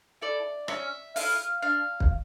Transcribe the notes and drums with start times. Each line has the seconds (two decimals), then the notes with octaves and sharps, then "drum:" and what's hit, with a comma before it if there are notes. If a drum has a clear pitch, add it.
0.22 E4 A4 D5
0.68 C#4 E5, drum: rim click
1.16 E4 A4 F5, drum: open hi-hat
1.62 D4 F5
2.00 drum: kick